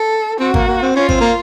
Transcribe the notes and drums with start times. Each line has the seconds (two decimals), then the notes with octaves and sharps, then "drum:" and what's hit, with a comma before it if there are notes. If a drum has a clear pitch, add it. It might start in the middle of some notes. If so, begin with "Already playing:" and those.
Already playing: A4
0.40 C4 F#4
0.54 A#3, drum: kick G#1
0.68 A#3
0.82 C4
0.96 C#4 F4
1.09 C4, drum: kick G#1
1.21 A#3